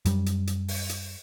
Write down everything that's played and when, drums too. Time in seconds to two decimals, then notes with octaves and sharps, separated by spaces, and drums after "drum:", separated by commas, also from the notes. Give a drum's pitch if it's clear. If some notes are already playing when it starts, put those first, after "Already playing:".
0.05 F#2 G3, drum: hi-hat
0.26 drum: hi-hat
0.47 drum: hi-hat
0.68 drum: open hi-hat
0.89 drum: hi-hat